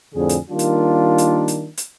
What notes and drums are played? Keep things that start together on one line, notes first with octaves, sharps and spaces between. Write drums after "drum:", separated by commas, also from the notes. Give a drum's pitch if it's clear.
F2 A2 D3 G#4
drum: hi-hat
D#3 G3 A#3 D4 F4
drum: hi-hat
drum: hi-hat
drum: hi-hat
drum: hi-hat